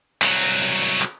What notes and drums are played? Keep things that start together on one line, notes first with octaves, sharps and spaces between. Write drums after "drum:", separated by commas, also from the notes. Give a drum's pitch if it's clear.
C2 F#3, drum: clap
drum: hi-hat
drum: hi-hat
drum: hi-hat
drum: clap